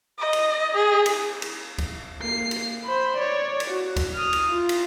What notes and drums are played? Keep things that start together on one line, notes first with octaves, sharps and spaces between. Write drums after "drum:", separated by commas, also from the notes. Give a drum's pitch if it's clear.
D#5
drum: cymbal
G#4
drum: cymbal
drum: cymbal
drum: kick C#2, cymbal
A#3 C7
drum: cymbal
C5 B5
C#5 D5
drum: cymbal
F#4
drum: kick C#2, cymbal
D#6 F6
drum: cymbal
F4
drum: cymbal